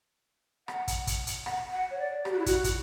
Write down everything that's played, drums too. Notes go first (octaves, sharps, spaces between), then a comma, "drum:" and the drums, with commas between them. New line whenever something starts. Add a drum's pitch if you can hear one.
F#5, drum: rim click
drum: kick, hi-hat
drum: kick, hi-hat
drum: hi-hat
F#5, drum: rim click
F#5
C#5
D5
G4, drum: rim click
F#4
E4
F#4, drum: kick, hi-hat
drum: kick, hi-hat